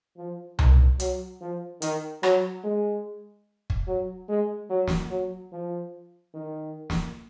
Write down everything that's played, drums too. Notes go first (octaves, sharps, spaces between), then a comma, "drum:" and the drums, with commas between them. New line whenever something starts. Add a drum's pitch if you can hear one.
F3
D#3, drum: tom C2
F#3, drum: hi-hat
F3
D#3, drum: hi-hat
F#3, drum: rim click
G#3
drum: kick
F#3
G#3
F#3
drum: snare
F#3
F3
D#3
drum: snare